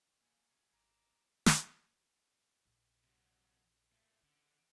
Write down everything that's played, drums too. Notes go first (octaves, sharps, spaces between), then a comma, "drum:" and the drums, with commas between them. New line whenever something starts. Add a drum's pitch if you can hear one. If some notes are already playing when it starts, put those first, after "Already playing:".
A#3 F5 F#5 G#5
G#1 A#5 D6 E6
drum: snare
A#1
C3 F#3
A#2 A3
D3 C#4